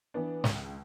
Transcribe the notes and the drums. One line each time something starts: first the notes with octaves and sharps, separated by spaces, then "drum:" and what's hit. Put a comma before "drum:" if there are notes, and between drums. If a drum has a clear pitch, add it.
E3 B3 D4
C#2, drum: snare